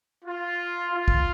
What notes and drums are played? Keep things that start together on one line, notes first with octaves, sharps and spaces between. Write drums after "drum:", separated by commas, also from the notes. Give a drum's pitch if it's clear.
F4
F4
drum: kick